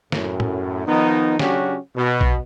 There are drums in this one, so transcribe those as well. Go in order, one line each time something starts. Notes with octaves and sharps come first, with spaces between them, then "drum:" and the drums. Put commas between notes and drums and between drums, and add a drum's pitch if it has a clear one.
F#2 A2, drum: snare
drum: tom
D#3 F3 B3 D#4
C#3 F#3 C#4 D4 F#4 G4, drum: snare
B2
drum: kick A#1